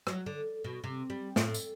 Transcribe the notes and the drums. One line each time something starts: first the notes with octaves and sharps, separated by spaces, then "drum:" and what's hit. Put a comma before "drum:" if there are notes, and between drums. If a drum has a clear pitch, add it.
F#3, drum: rim click
D3
B2
C3
G3
A2, drum: snare
drum: tambourine